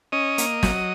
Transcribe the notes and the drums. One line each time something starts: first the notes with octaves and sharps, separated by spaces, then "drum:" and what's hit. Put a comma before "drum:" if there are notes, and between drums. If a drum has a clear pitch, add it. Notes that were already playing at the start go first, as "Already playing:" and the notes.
C#4 D#5
A#3, drum: hi-hat
F#3, drum: snare